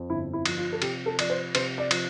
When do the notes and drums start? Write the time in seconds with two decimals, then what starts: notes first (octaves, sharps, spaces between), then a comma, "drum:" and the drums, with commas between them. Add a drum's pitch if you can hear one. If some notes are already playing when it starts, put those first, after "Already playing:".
Already playing: F2
0.09 G1 E4
0.33 E4
0.46 F3, drum: cymbal
0.57 F4
0.72 A4
0.82 C3 G4, drum: cymbal
1.06 A4
1.19 F3 D5, drum: cymbal
1.30 C5
1.55 C3 C5, drum: cymbal
1.78 D5
1.91 F3, drum: cymbal